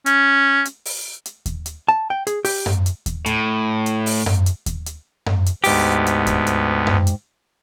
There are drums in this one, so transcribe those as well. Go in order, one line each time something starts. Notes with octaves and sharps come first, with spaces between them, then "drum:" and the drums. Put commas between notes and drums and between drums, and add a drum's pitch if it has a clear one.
C#4, drum: hi-hat
drum: hi-hat
drum: open hi-hat
drum: hi-hat
drum: kick D#2, hi-hat
drum: hi-hat
A5
G5
G#4, drum: hi-hat
G4, drum: open hi-hat
drum: tom F#2
drum: hi-hat
drum: kick D#2, hi-hat
A2, drum: hi-hat
drum: hi-hat
drum: open hi-hat
drum: tom F#2
drum: hi-hat
drum: kick D#2, hi-hat
drum: hi-hat
drum: tom F#2
drum: hi-hat
D2 G#2 B3 G4, drum: open hi-hat
drum: hi-hat
drum: kick D#2, hi-hat
drum: hi-hat
drum: tom F#2
drum: hi-hat